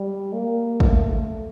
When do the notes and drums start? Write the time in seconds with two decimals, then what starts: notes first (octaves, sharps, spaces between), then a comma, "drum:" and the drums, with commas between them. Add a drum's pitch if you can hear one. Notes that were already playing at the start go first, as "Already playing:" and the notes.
Already playing: G3
0.33 A#3
0.80 A3, drum: kick
1.12 A3